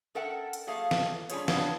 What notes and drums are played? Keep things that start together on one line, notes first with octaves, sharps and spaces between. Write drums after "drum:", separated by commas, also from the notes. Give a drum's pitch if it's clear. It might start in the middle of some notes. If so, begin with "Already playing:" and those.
C#4 A4 A#4 E5 F#5 G5
drum: hi-hat
F#3 A3 A#3 G#4 E5 F5
drum: snare
G3 C#4 D4 F4 G#4 C#5, drum: hi-hat
B3 D4 E4 C#5 F5, drum: snare